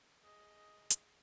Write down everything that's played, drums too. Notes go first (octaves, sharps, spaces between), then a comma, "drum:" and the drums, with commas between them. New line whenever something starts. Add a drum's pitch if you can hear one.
G#4 D#5
drum: hi-hat